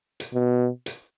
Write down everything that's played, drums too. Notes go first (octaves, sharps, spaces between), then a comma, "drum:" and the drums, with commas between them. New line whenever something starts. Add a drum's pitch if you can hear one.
drum: hi-hat
B2
drum: hi-hat